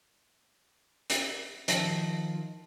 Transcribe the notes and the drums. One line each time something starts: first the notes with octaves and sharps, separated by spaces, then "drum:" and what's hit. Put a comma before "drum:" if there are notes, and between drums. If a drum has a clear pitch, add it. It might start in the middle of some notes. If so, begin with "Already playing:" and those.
drum: hi-hat
D#3 F3, drum: hi-hat